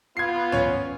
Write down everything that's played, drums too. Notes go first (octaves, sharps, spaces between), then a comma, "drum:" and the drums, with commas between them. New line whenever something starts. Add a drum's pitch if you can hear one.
B3 F4 G#6 C7
C#4 C#5, drum: tom